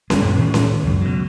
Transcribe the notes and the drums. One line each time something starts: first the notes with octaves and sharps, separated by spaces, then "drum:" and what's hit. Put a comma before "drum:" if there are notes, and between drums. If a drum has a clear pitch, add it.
G1 G3 G#3, drum: snare C#4
F#2 A#2 G#3 C#4
A2 D#3 E3
drum: snare C#4
C#2 F#2
B2 F#3